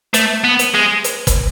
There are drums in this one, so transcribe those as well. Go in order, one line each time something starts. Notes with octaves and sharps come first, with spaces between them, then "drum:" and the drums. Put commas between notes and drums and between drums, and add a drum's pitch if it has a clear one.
A3, drum: hi-hat
B3
drum: hi-hat
G#3
drum: hi-hat
drum: kick, hi-hat